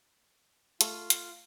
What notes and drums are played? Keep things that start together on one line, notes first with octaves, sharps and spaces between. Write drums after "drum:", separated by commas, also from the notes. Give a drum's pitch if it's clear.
A3 F4 A4, drum: hi-hat
drum: hi-hat